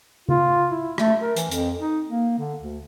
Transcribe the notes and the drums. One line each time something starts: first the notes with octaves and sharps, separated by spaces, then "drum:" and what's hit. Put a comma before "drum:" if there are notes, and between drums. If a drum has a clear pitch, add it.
F4, drum: tom C#3
E4
A3, drum: rim click
A#4
E3, drum: hi-hat
F2, drum: hi-hat
D#4
A#3
D3
D2